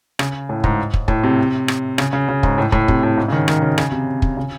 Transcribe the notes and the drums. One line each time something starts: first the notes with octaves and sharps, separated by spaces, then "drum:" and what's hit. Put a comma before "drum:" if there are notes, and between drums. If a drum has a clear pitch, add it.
C#3, drum: rim click
A2
G#2, drum: kick
drum: kick
A2, drum: kick
C3
drum: rim click
C#3, drum: rim click
C#3
C#3
G#2, drum: kick
A2
A2, drum: kick
C3, drum: kick
A2
G#2
C#3
D#3
D#3, drum: rim click
C#3
C#3, drum: rim click
C3
drum: kick
C#3